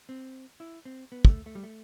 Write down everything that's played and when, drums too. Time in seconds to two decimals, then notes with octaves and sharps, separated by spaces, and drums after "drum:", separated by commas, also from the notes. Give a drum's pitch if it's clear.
0.09 C4
0.60 E4
0.85 C4
1.12 B3
1.25 G3, drum: kick
1.28 A3
1.46 A3
1.55 G3
1.63 A3